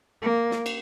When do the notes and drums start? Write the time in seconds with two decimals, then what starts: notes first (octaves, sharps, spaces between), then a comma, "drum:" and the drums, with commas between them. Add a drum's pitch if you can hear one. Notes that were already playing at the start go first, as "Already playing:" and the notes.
0.22 A#3
0.51 drum: snare
0.66 drum: cymbal